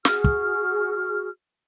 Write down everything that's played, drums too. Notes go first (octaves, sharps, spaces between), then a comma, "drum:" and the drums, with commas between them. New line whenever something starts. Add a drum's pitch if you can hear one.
F#4 G#4 F6, drum: snare
drum: kick